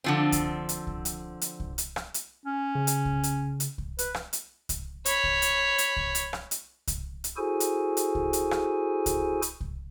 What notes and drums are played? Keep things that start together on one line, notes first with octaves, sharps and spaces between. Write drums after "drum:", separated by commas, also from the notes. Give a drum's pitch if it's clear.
D3 F3 C4
drum: kick C2, hi-hat
drum: hi-hat
drum: kick C2
drum: hi-hat
drum: hi-hat
drum: kick C2
drum: hi-hat
drum: rim click
drum: hi-hat
C#4
C#3
drum: hi-hat
drum: kick C2
drum: hi-hat
drum: hi-hat
drum: kick C2
B4, drum: hi-hat
drum: rim click
drum: hi-hat
drum: kick C2, hi-hat
C#5 B5, drum: hi-hat
drum: kick C2
drum: hi-hat
drum: hi-hat
drum: kick C2
drum: hi-hat
drum: rim click
drum: hi-hat
drum: kick C2, hi-hat
drum: hi-hat
E4 F#4 G#4 A4 C5 G#5
drum: hi-hat
drum: hi-hat
drum: kick C2
drum: hi-hat
drum: rim click
drum: kick C2, hi-hat
drum: hi-hat
drum: kick C2